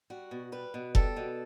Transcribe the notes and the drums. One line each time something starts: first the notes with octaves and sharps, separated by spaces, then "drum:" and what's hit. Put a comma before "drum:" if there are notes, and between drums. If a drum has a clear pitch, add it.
G3 F#4
B2
G3 B4
B2
G3 A4, drum: kick F1
B2